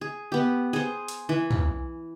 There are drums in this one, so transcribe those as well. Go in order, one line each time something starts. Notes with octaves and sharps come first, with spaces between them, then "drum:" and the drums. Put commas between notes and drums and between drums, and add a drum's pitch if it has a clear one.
G#4
B3 G4
G#4 C5
drum: hi-hat
E3
drum: tom